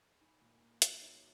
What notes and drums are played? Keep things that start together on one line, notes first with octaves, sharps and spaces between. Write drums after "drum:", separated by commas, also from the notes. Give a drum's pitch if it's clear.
D#4 G#5 B5
A#2
A#3
F#4, drum: hi-hat
D#4 C#5 E5